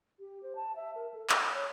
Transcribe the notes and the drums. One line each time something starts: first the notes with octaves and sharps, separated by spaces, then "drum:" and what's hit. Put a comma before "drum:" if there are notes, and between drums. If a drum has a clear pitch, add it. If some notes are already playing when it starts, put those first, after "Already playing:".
G4
C5
A5
E5
A#4
A4
F#5, drum: clap
B5
C#5